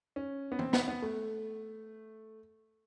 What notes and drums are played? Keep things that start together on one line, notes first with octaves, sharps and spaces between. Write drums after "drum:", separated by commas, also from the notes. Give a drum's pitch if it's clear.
C#4
B3
C4, drum: tom
B3, drum: snare
B3
A3